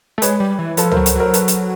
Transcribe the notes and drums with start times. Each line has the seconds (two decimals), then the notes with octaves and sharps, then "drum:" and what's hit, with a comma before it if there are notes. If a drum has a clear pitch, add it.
0.18 A3
0.22 G#3 B4 C#5, drum: hi-hat
0.40 G3
0.59 E3
0.77 F3 A4 B4, drum: hi-hat
0.91 A#4 C5, drum: tom C#2
0.97 F#3
1.06 drum: hi-hat
1.15 F#3 A#4 C5
1.34 A4 B4, drum: hi-hat
1.48 drum: hi-hat